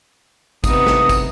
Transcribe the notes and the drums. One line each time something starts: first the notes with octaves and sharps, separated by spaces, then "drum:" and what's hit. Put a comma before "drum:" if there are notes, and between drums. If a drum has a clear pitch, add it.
C3 B3 D#4 D#6, drum: kick, tambourine
drum: snare
drum: kick, tambourine